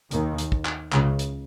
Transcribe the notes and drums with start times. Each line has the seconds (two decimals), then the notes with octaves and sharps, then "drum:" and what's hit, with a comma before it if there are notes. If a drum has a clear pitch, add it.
0.11 D#2 D#3, drum: hi-hat
0.38 drum: hi-hat
0.52 drum: kick
0.65 drum: clap
0.92 C#2 C#3, drum: clap
1.19 drum: hi-hat